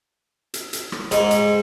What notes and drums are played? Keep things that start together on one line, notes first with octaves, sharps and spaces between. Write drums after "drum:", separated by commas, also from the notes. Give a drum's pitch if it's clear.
drum: hi-hat
drum: hi-hat
drum: rim click
G#2, drum: hi-hat
drum: hi-hat